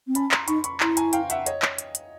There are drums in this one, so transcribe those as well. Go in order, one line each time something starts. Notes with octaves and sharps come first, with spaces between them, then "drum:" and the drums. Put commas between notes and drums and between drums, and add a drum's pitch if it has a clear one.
C4
C#4 A5 B5, drum: hi-hat
A#5 C6, drum: clap
D#4 B5 C#6, drum: hi-hat
B5 C#6, drum: hi-hat
E4 A#5 C6, drum: clap
G#5 A#5, drum: hi-hat
F5 G5, drum: hi-hat
E5 F#5, drum: hi-hat
C#5 D#5, drum: hi-hat
drum: clap
drum: hi-hat
drum: hi-hat